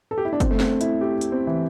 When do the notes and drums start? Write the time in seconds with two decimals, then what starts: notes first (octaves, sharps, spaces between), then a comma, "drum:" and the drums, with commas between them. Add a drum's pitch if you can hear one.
0.11 A4
0.18 G4
0.25 E4
0.33 D4
0.40 C4, drum: kick F#1, hi-hat
0.51 A3
0.60 C4, drum: snare
0.81 E4, drum: hi-hat
1.01 G4
1.21 drum: hi-hat
1.32 C4
1.47 E3